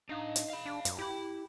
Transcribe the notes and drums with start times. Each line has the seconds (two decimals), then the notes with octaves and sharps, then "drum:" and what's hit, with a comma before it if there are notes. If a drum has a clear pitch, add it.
0.09 D4 D#4 F5
0.36 drum: hi-hat
0.50 F5 B5
0.66 D4
0.85 F#2, drum: hi-hat
0.99 E4 G4 B5